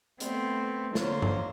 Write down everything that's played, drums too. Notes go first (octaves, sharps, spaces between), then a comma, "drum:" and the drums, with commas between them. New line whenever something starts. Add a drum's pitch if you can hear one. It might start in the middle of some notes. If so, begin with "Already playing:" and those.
A3 B3 C4, drum: hi-hat
D3 A#3 F4 C5 C#5, drum: snare
drum: tom G2